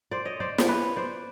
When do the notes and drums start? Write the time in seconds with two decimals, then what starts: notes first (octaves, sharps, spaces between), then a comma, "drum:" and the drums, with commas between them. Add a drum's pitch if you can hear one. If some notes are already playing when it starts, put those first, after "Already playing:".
0.11 C5 D5
0.25 C#5 D#5
0.40 C5 D5
0.58 drum: snare
0.68 B4 C#5
0.96 C5 D5